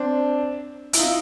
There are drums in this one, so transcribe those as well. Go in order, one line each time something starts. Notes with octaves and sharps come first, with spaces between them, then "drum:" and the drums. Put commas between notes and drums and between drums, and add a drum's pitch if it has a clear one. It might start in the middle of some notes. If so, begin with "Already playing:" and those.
Already playing: C4 D4
E4, drum: hi-hat
D#4 F4